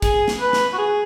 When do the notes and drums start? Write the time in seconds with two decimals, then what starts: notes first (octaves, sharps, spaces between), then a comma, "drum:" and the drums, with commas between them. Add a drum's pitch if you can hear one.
0.02 G#4, drum: kick, hi-hat
0.28 drum: snare
0.40 B4
0.53 drum: snare
0.73 F#4
0.78 G#4